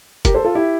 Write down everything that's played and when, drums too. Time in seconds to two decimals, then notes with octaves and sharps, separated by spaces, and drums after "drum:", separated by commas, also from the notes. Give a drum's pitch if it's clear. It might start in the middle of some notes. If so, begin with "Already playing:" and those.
0.25 G4 A#4, drum: kick F#1, hi-hat
0.34 A4 C5
0.45 F4 A4
0.55 E4 G4